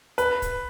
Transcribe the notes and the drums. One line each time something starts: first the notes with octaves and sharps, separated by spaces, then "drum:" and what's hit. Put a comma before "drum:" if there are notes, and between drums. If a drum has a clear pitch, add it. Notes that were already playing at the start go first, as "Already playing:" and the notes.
B4, drum: hi-hat
drum: kick, hi-hat